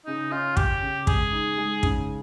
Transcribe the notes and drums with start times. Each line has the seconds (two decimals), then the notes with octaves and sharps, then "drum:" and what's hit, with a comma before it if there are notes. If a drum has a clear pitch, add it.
0.06 C#3 D#4
0.31 C#4 F4
0.57 C#4 G4, drum: kick
0.82 C#3
1.07 G#3 G#4, drum: kick
1.32 D#4
1.58 G#3
1.83 C#3, drum: kick